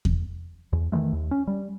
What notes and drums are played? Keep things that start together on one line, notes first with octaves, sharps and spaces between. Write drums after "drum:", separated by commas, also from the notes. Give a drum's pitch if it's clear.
drum: kick E2
E2
D#3 E3 G#3 A3
D#2
C#4
G3